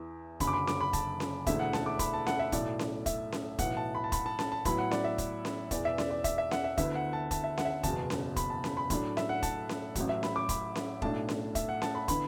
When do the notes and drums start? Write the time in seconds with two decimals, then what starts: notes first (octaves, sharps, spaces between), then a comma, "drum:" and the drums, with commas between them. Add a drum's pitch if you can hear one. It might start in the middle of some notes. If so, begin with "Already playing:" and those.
Already playing: E2 E3 B3 E4
0.40 F#1 F#2 D3 B5, drum: kick, hi-hat
0.47 D6
0.53 B5
0.67 D6, drum: snare C#4
0.81 B5
0.93 A5, drum: kick, hi-hat
1.20 drum: snare C#4
1.46 E1 D2 D3 A3 E4 E5, drum: kick, hi-hat
1.59 F#5
1.73 A5, drum: snare C#4
1.86 D6
1.99 B5, drum: kick, hi-hat
2.13 A5
2.27 F#5, drum: snare C#4
2.39 E5
2.52 B1 A2 A3 E4 D5, drum: kick, hi-hat
2.79 drum: snare C#4
3.06 E5, drum: kick, hi-hat
3.32 drum: snare C#4
3.59 B1 A2 E3 F#5, drum: kick, hi-hat
3.77 A5
3.95 B5
4.04 A5
4.12 B5, drum: kick, hi-hat
4.26 A5
4.39 A5, drum: snare C#4
4.52 A5
4.65 A2 F#3 B3 E4 B5, drum: kick, hi-hat
4.78 F#5
4.91 D5, drum: snare C#4
5.04 E5
5.18 drum: kick, hi-hat
5.45 drum: snare C#4
5.71 E1 E2 E3 D5, drum: kick, hi-hat
5.85 E5
5.98 D5, drum: snare C#4
6.10 D5
6.24 E5, drum: kick, hi-hat
6.38 E5
6.51 F#5, drum: snare C#4
6.64 E5
6.78 D2 D3 B3 E4 E5, drum: kick, hi-hat
6.95 F#5
7.13 A5
7.31 A5, drum: kick, hi-hat
7.44 E5
7.58 F#5, drum: snare C#4
7.65 E5
7.70 F#5
7.83 F#1 E2 B2 A5, drum: kick, hi-hat
8.10 drum: snare C#4
8.36 B5, drum: kick, hi-hat
8.50 A5
8.64 B5, drum: snare C#4
8.77 B5
8.90 A2 F#3 A3 D4 B5, drum: kick, hi-hat
9.17 E5, drum: snare C#4
9.29 F#5
9.43 A5, drum: kick, hi-hat
9.69 drum: snare C#4
9.95 A1 A2 F#3, drum: kick, hi-hat
10.09 E5
10.23 B5, drum: snare C#4
10.36 D6
10.49 B5, drum: kick, hi-hat
10.75 drum: snare C#4
11.02 B1 A2 A3 D4 A5, drum: kick
11.29 drum: snare C#4
11.55 E5, drum: kick, hi-hat
11.69 F#5
11.82 A5, drum: snare C#4
11.95 B5
12.08 D3 B3 E4 B5, drum: kick, hi-hat